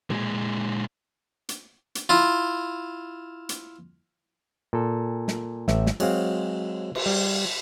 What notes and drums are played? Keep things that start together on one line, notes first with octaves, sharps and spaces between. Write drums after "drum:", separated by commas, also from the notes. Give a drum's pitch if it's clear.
A#2 G#3, drum: tom B2
drum: hi-hat
drum: hi-hat
E4 F4
drum: hi-hat
A#2 A4
drum: snare
A1 E5, drum: snare
drum: snare
F#3 G#3 C4 F5, drum: cymbal
drum: cymbal
G3